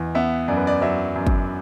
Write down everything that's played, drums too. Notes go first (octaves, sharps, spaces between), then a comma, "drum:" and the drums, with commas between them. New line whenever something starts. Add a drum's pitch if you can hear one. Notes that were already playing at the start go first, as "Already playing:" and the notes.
Already playing: E2
B3 E5
F#2 D5
B4
D5
F#3 E5
F#2
drum: kick